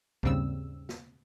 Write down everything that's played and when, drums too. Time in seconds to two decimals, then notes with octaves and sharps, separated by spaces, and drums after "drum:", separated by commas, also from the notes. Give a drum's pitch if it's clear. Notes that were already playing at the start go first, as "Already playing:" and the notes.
0.23 D#2 G#2 C#3 G3 C4 E6, drum: kick B1
0.89 drum: snare